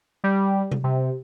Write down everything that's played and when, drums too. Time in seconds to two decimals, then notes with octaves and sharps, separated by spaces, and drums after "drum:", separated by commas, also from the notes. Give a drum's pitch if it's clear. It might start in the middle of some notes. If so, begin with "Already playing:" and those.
0.24 G3
0.71 drum: tom C3
0.84 C3